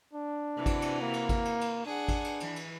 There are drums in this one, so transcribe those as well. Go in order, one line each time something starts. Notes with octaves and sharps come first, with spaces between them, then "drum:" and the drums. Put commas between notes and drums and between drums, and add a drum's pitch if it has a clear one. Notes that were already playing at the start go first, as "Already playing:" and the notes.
D4
C3 E3 F#4
drum: kick G#1, cymbal
drum: cymbal
A#3
drum: cymbal
drum: kick G#1, cymbal
drum: cymbal
drum: cymbal
D4 G#4 F#5
drum: kick G#1, cymbal
drum: cymbal
E3, drum: cymbal
drum: cymbal